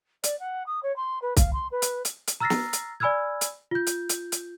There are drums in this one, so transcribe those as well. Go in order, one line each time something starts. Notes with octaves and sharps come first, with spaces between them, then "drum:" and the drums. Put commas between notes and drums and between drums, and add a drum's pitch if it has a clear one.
D5, drum: hi-hat
F#5
D#6
C#5
C6
B4
F5, drum: kick, hi-hat
C6
B4
drum: hi-hat
drum: hi-hat
drum: hi-hat
A#5 E6 F6 A6 A#6 C7
drum: snare
drum: hi-hat
D5 G#5 B5 E6 F6 G#6
drum: hi-hat
F4 G6
drum: hi-hat
drum: hi-hat
drum: hi-hat